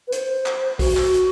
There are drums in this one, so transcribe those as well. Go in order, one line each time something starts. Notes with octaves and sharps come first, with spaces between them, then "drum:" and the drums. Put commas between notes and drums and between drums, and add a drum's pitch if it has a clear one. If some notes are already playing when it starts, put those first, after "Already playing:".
B4
C5, drum: hi-hat
drum: clap
F#4, drum: kick B1, open hi-hat
drum: clap
drum: hi-hat